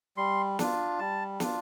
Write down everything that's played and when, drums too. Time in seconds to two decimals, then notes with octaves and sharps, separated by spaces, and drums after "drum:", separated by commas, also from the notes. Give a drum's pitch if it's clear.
0.17 G3 C6
0.59 D4 F4, drum: snare
0.99 G3 A5
1.40 D4 F4, drum: snare